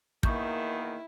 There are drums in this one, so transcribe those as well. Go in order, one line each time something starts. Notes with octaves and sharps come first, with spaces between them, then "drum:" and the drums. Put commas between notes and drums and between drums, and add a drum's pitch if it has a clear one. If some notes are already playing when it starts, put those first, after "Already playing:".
E2 B2 D#3 A#3 E4 C#6 G6, drum: kick